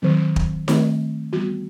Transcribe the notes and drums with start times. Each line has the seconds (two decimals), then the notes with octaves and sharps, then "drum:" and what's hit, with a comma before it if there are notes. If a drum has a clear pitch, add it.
0.02 D#3 F#3 C4
0.36 drum: kick
0.68 D#3 A3 C4, drum: snare D#4
1.33 E3 G3 B3 F#4